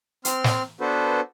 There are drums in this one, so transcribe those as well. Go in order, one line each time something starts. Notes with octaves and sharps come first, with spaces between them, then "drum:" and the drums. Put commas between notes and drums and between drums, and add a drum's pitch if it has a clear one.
C4 C6 F6, drum: hi-hat
drum: snare
B3 D4 F#4 A4 B4 C5